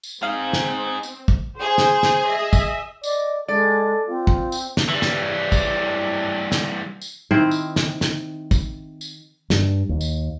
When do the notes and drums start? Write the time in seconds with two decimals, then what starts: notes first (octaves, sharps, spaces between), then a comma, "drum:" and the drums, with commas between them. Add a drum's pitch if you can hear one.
0.03 drum: tambourine
0.23 C4 D#4 G#4 F5
0.53 drum: snare
1.03 drum: tambourine
1.28 drum: kick
1.60 G#4 C5
1.78 drum: snare
2.03 drum: snare
2.28 D#5 E5
2.53 drum: kick, tambourine
3.03 D5 D#5, drum: tambourine
3.48 G#3 A4 D5
4.08 C4 F4
4.27 drum: kick
4.52 drum: tambourine
4.77 drum: snare
4.90 E3 G3
5.02 drum: snare
5.52 drum: kick, tambourine
6.52 drum: snare
7.02 drum: tambourine
7.31 D#3 C4 E4 C5
7.51 drum: tambourine
7.76 drum: snare
8.01 drum: snare
8.51 drum: kick, tambourine
9.01 drum: tambourine
9.50 G2, drum: snare
9.89 D#2
10.01 drum: tambourine